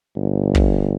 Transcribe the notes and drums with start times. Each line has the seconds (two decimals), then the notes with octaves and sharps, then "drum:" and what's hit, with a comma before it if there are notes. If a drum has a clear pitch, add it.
0.16 G1
0.55 drum: kick